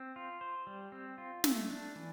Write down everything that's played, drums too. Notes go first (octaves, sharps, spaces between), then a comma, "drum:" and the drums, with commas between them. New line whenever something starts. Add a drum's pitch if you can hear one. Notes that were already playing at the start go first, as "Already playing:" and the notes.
Already playing: C4
F4
C5
G3
C4
F4
A3, drum: snare
D4
E3